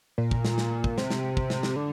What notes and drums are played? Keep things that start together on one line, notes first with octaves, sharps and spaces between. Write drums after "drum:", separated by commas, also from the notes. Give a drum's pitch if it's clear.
A#2
drum: kick
drum: snare
drum: snare
drum: kick
C3, drum: snare
drum: snare
drum: kick
drum: snare
drum: snare
D3